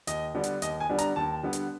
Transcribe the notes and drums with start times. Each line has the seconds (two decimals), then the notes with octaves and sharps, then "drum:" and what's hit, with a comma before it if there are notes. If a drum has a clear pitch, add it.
0.07 D#2 D#5, drum: hi-hat
0.35 D3 G3 B3 D4
0.44 drum: hi-hat
0.62 D#2 D#5, drum: hi-hat
0.80 G#5
0.89 D3 G3 B3 D4
0.98 A#5, drum: hi-hat
1.16 D#2 A5
1.43 D3 G3 B3 D4
1.53 drum: hi-hat